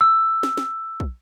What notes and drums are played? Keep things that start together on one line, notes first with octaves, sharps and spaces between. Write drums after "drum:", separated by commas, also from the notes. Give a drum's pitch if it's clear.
E6
drum: snare
drum: snare
drum: kick